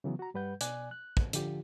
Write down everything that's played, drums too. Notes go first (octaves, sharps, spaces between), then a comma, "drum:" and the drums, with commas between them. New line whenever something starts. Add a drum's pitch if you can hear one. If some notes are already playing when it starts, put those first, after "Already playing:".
C#3 E3 F#3 B3
F#4 A#5
G2 G3 B4 F#5 G6
B2 D5 G#5 F#6, drum: hi-hat
F#6
drum: kick
D3 F3 F4 G4, drum: hi-hat